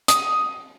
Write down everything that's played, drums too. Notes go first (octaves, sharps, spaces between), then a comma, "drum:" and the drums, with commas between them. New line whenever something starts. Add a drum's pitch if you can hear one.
D#6, drum: hi-hat